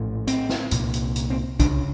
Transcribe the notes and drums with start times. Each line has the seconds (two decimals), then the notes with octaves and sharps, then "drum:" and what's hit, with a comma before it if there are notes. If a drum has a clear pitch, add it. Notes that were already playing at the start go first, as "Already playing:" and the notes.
Already playing: A#1 A2
0.27 C4, drum: hi-hat
0.49 drum: snare
0.71 C2 A#2, drum: hi-hat
0.94 drum: hi-hat
1.16 drum: hi-hat
1.30 C4
1.60 C#2 C#3 D4, drum: kick, hi-hat